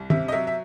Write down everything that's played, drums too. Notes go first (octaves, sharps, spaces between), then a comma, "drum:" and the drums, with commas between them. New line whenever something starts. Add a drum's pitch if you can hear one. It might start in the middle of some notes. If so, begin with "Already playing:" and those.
Already playing: C2
C3 E5, drum: tom
D#5
F#3 E5
E5